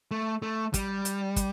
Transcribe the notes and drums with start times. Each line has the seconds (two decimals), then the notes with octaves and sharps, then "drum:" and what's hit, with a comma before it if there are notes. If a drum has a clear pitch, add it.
0.11 A3
0.42 A3
0.74 G3, drum: kick, hi-hat
1.05 drum: hi-hat
1.36 drum: kick, hi-hat